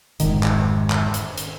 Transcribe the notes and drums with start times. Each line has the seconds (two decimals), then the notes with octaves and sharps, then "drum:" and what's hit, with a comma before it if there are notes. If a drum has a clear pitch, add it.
0.20 F1 G#2 D#3, drum: hi-hat
0.43 drum: clap
0.90 drum: clap
1.14 drum: hi-hat
1.38 drum: hi-hat